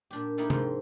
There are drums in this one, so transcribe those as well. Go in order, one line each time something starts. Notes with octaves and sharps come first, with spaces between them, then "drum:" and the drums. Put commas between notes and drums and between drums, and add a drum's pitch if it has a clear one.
A#2 D4 G4
A#3 D#4 E4 G4 A4
G#2 F3 C4, drum: tom